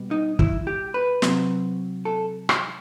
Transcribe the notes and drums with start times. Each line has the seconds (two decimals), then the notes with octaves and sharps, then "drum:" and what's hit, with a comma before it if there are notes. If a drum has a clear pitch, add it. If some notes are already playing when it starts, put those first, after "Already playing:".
Already playing: B2 G3
0.11 D#4
0.39 E4, drum: kick
0.67 G4
0.94 B4
1.22 C3 F#3 C4, drum: snare
2.05 A4
2.49 drum: rim click